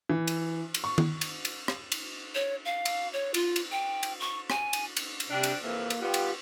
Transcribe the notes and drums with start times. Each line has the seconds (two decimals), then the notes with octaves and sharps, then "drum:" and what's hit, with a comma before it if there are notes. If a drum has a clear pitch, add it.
0.09 E3
0.28 drum: cymbal
0.74 drum: cymbal
0.84 C#6
0.98 drum: tom D#3
1.21 drum: cymbal
1.45 drum: cymbal
1.68 drum: rim click
1.92 drum: cymbal
2.35 C#5
2.65 F5
2.85 drum: cymbal
3.13 C#5
3.34 F4, drum: cymbal
3.56 drum: cymbal
3.72 G5
4.03 drum: cymbal
4.20 C#6
4.50 G#5, drum: rim click
4.73 drum: cymbal
4.97 drum: cymbal
5.20 drum: cymbal
5.30 C3 G3 D4
5.43 drum: cymbal
5.62 F2 C3 E3 A#3
5.90 drum: cymbal
6.01 G3 B3 F4 G4
6.14 drum: cymbal